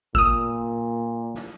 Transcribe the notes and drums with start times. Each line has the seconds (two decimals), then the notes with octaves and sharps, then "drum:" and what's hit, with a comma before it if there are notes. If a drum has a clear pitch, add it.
0.15 A#2 D#6 E6, drum: kick G#1
1.34 drum: snare